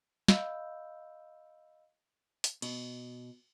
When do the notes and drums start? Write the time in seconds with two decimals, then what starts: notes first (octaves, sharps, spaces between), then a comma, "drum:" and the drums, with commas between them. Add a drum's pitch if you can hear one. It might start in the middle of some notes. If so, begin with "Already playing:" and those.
0.28 D#5 F5 B5 E6 G6, drum: snare
2.44 drum: hi-hat
2.62 B2, drum: cymbal